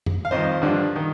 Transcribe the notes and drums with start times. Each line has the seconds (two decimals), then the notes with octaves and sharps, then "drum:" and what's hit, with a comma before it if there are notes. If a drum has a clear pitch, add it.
0.06 drum: tom F2
0.25 F5
0.31 F2 D#3 C5 D#5
0.62 G2 D3 F3
0.96 D#3